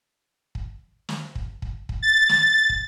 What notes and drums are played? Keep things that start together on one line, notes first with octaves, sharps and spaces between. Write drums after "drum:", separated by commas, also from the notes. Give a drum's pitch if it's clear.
drum: kick
drum: snare
drum: kick
drum: kick
drum: kick
A6
drum: snare
drum: kick